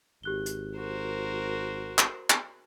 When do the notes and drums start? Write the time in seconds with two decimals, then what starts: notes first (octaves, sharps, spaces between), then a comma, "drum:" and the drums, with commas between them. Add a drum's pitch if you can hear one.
0.23 G#1 G4 F#6 G7
0.46 drum: hi-hat
0.77 F#4 A#4 C5
1.98 drum: clap
2.30 drum: clap